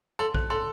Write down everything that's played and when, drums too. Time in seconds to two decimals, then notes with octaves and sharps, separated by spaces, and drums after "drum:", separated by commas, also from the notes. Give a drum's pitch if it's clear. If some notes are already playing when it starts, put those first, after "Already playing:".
0.19 A4 C6
0.34 C5, drum: kick A#1
0.50 A4 C6